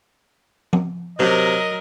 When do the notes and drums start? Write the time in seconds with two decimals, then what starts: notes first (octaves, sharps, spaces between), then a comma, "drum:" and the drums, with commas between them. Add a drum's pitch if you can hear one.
0.73 drum: tom F3
1.19 C3 F#3 A#4 D#5